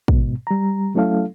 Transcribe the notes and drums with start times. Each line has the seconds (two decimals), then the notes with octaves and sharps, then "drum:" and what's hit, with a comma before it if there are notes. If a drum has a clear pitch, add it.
0.08 G#2 B2, drum: kick
0.47 G3 A#5
0.95 F#3 A3 C#4 E4 A4 F5